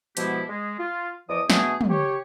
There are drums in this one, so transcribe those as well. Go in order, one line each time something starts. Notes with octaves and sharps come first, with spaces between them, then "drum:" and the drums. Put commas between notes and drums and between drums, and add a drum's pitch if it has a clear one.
B2 F3 G#3 B3 E4 G4, drum: hi-hat
G#3
F4
E2 F3 D#5 D6 D#6
B2 A3 B3 D4 G#4, drum: snare
drum: tom
G4 C#5